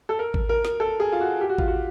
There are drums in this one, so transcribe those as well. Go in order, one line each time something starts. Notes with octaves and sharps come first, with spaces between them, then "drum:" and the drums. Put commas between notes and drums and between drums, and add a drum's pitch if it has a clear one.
A4
A#4
drum: kick G#1
A#4
drum: snare
A4
G#4
F4
F#4
G4
F#4
F4, drum: kick G#1
F#4